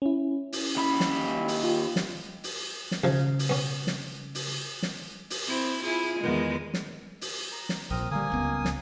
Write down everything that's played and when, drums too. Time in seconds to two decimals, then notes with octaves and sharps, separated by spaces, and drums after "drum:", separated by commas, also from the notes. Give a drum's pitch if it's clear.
0.02 C#4 E4
0.52 drum: open hi-hat
0.76 D#2 B5
1.00 drum: snare
1.48 drum: open hi-hat
1.63 F4
1.96 drum: snare
2.44 drum: open hi-hat
2.91 drum: snare
3.04 D#2 C#3 F3
3.39 drum: open hi-hat
3.49 B3 C#4
3.87 drum: snare
4.35 drum: open hi-hat
4.82 drum: snare
5.30 drum: open hi-hat
5.48 C4 E4
5.83 E4 F4 G#4
6.20 E2 D#3 G#3
6.74 drum: snare
7.21 drum: open hi-hat
7.52 A#5
7.69 drum: snare
7.90 A#1 A#2 C4 A#4 D#6
8.11 D3 F#3 G3 A#3 G#5 D#6
8.30 D1 C#2 B3
8.65 drum: snare